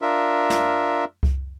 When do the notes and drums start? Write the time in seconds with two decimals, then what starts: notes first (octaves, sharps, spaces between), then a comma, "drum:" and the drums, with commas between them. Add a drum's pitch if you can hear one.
0.02 D4 F4 A#4 E5
0.50 drum: snare
1.23 drum: kick C2